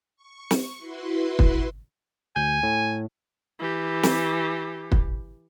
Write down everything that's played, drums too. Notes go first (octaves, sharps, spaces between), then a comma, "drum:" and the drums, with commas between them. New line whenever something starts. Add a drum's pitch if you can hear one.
C#6
drum: snare
E4 F#4 B4 C6
drum: kick
D2 G#5 G6
A2
E3 G4
drum: snare
drum: kick